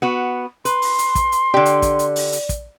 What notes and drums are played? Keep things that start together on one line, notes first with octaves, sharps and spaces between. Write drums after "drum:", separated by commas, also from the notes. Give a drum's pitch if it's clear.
B3 F#4
B4 C6, drum: hi-hat
drum: open hi-hat
drum: hi-hat
drum: kick, hi-hat
drum: hi-hat
D3 G4 D5
drum: hi-hat
drum: kick, hi-hat
drum: hi-hat
drum: open hi-hat
drum: hi-hat
drum: kick, hi-hat